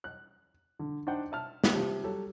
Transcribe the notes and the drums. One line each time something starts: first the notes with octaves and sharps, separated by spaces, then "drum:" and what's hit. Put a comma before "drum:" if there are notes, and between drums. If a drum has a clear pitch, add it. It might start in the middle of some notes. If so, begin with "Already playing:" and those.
F#6
D3
D4 D#4 C5 F#5 G5
E5 A5 F6
drum: snare
C3 F3 G3
F#3 G3 A4